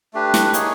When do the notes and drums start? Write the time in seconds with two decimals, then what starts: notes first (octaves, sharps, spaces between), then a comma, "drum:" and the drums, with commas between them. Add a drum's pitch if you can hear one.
0.14 A3 D4 G4 B4
0.34 drum: snare
0.54 A#3 D#4 G#4 C#5, drum: hi-hat